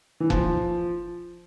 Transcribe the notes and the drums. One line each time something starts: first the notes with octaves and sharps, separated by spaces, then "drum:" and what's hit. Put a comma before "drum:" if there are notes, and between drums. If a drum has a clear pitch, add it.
E3
F3, drum: kick F1